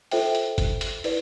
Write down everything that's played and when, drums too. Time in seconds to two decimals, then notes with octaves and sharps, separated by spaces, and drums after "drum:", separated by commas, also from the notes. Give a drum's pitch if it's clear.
0.11 F4 A4 C5 E5 G5, drum: open hi-hat
0.35 drum: hi-hat
0.58 drum: kick, hi-hat
0.81 drum: hi-hat
1.04 E4 B4 D5, drum: open hi-hat